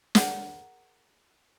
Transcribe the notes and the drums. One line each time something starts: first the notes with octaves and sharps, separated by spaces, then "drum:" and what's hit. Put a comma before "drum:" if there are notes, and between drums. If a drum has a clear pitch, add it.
G#4 A#4 F#5, drum: snare